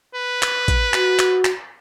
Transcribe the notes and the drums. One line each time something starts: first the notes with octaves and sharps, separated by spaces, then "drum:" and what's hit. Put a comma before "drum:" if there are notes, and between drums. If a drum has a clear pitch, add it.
B4
drum: clap
drum: kick, hi-hat
F#4, drum: clap
drum: clap
drum: clap